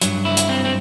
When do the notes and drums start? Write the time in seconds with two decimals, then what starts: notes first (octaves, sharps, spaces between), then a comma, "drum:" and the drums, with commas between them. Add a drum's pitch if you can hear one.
0.01 G2 F#3, drum: hi-hat
0.25 E4
0.37 drum: hi-hat
0.49 C4
0.65 C4